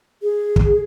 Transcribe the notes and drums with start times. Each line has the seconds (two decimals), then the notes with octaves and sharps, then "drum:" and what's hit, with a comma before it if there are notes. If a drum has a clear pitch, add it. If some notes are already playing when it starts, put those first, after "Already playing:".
0.22 G#4
0.56 drum: kick